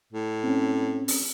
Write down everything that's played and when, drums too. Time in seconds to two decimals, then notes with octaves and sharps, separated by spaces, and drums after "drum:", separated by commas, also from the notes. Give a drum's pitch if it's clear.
0.13 A2
0.44 C4 C#4
1.08 drum: open hi-hat